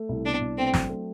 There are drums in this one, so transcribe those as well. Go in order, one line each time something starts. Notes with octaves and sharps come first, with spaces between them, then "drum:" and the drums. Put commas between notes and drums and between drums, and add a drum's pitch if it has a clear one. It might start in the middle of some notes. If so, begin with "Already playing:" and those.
Already playing: A3
C2
B2 D4
C2
A3 C4
F#3, drum: snare
A3